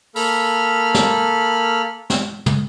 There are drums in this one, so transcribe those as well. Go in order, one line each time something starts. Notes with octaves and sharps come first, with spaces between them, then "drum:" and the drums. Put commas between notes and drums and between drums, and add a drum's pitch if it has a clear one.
A#3 A4 B5 F6, drum: open hi-hat
drum: snare
drum: snare
drum: tom